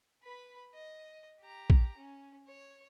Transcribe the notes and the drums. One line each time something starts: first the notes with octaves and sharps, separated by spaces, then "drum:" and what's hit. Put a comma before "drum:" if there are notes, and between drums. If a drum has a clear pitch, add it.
B4 B5
D#5
G4 A#5
drum: kick A#1
C#4
C#5